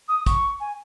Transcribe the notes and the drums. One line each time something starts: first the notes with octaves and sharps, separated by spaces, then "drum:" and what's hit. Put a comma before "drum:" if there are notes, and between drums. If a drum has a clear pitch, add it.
D#6
C#6, drum: kick, hi-hat
G#5